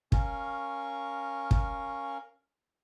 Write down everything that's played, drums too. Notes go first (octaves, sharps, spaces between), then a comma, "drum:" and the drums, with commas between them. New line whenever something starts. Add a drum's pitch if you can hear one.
C#4 A#4 F5 C#6, drum: kick
drum: kick